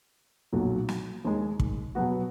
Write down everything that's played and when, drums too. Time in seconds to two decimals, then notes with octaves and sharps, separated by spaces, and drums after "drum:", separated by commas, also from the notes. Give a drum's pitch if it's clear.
0.52 B1 A#2 F#3
0.89 drum: snare
1.25 D#2 D#3 G#3
1.60 drum: kick
1.95 B2 F#3 B3 F#4